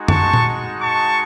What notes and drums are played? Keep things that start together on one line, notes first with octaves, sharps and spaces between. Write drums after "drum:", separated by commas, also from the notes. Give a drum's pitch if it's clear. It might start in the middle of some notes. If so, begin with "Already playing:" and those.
Already playing: G#3 D#4 F#4
A5 C#6, drum: tom F#2
drum: tom A#2
A5 C#6